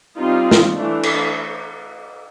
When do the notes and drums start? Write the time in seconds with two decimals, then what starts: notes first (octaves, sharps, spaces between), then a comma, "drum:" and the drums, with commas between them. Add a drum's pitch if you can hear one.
0.18 G3 C4 D#4 F4
0.51 drum: snare
0.74 E3 A3 D4
1.03 drum: cymbal